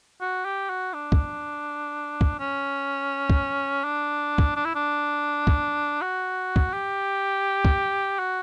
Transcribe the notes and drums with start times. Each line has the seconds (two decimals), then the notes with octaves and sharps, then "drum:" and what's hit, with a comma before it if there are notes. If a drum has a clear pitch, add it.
0.21 F#4
0.45 G4
0.70 F#4
0.94 D4
1.12 drum: kick
2.21 drum: kick
2.39 C#4
3.30 drum: kick
3.84 D4
4.38 drum: kick
4.56 D4
4.65 E4
4.75 D4
5.47 drum: kick
6.02 F#4
6.56 drum: kick
6.73 G4
7.65 drum: kick
8.19 F#4